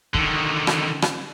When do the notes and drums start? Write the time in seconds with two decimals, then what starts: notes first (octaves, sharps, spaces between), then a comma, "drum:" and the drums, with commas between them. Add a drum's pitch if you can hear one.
0.14 D3 D#3, drum: kick
0.67 drum: rim click
1.02 drum: rim click